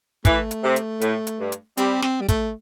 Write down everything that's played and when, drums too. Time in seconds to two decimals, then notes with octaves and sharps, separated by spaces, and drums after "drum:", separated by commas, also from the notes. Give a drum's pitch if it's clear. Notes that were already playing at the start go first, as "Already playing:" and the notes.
0.25 E3 A3, drum: kick, hi-hat
0.51 drum: hi-hat
0.63 C3
0.76 drum: hi-hat
1.01 A2, drum: hi-hat
1.27 drum: hi-hat
1.40 G2
1.52 drum: hi-hat
1.77 G3 C4, drum: hi-hat
2.02 C4, drum: snare
2.21 G3
2.28 A3, drum: kick, hi-hat